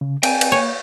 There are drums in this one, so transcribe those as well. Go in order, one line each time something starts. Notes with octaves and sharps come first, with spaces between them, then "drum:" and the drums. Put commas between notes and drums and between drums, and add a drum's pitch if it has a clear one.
C#3
C4 G5 G#5, drum: cymbal
drum: cymbal
A#3 C#5